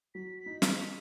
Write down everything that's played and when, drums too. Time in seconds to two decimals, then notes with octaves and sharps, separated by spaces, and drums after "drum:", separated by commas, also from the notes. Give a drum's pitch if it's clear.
0.15 F#3 B6
0.39 B6
0.46 D#4
0.62 drum: snare